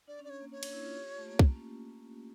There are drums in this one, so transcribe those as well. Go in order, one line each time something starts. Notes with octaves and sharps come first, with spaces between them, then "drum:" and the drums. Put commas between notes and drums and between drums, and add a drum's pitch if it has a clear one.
D4 D5
C#4
D5
C#5
A#3
D4 C#5
D4, drum: cymbal
E4
F4
G4
F4
A3
A#3
C#4, drum: kick
A#3
C#4